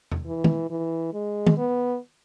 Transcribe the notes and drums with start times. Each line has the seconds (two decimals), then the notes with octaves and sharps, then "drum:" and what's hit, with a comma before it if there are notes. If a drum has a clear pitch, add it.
0.12 drum: tom E2
0.26 E3
0.44 drum: tom
0.70 E3
1.13 G#3
1.47 drum: tom
1.57 B3